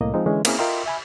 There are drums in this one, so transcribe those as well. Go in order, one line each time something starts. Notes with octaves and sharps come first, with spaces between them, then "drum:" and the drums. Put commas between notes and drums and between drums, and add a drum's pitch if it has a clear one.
C2 A2 A#3 D#5
F3 G#3 C4 D#4
D3 E3 G#3 C#4
A#3 C4 C#4 E4 G#4 A#4, drum: cymbal
F4 A#4 D#5 E5 G5 C6
E5 G#5 B5